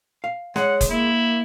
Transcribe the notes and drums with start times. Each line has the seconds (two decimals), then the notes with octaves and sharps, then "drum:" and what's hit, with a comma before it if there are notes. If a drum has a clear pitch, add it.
0.24 F5
0.56 G#3 C#5 F#5, drum: snare
0.81 drum: kick F#1, hi-hat
0.90 A#3 E4